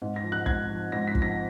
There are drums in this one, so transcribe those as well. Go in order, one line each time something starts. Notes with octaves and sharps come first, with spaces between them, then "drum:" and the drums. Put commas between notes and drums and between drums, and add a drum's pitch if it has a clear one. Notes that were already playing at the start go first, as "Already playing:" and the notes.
G#2
A#6
F3
F#6
G#2 G#6, drum: kick
F3
G#2 A#6
B6
F3, drum: kick
A#6